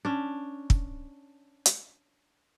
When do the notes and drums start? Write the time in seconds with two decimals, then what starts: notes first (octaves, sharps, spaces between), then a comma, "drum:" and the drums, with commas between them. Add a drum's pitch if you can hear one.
0.05 C#4 D4
0.70 drum: kick
1.66 drum: hi-hat